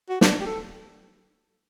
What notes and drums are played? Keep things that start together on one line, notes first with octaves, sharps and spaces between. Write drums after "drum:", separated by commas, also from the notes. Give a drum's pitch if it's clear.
F#4
D4, drum: snare
G4
A4